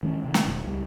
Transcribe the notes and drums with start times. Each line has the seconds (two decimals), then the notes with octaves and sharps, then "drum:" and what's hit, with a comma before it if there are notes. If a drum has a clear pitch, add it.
0.03 D#3 G#3 C4 C#4
0.24 C3 D#3
0.34 drum: snare
0.44 E1 F#2 B2 D#3
0.64 C#2 G3